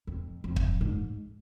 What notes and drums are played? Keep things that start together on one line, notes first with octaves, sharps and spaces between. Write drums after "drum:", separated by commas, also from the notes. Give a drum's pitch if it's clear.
F2
F2
drum: kick
G#2